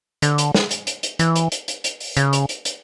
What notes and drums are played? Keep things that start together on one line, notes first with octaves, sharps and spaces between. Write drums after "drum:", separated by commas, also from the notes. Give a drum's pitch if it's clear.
D3, drum: hi-hat
drum: hi-hat
drum: snare
drum: hi-hat
drum: hi-hat
drum: hi-hat
E3, drum: hi-hat
drum: hi-hat
drum: hi-hat
drum: hi-hat
drum: hi-hat
drum: open hi-hat
C#3, drum: hi-hat
drum: hi-hat
drum: hi-hat
drum: hi-hat